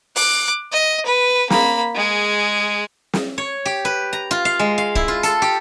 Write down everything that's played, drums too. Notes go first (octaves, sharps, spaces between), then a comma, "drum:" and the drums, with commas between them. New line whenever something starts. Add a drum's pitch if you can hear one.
D6 F#6, drum: open hi-hat
D#5
B4
A#3 B5, drum: snare
G#3 G#4
drum: snare
C#5
G4
B4
A#5
F4
F5
G#3
F5
E4, drum: kick
F4
A4, drum: hi-hat
G4